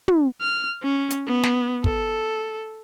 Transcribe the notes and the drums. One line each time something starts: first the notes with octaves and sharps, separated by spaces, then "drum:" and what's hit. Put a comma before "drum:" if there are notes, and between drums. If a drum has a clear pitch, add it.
drum: tom
F6
C#4
drum: hi-hat
B3
drum: snare
A4, drum: kick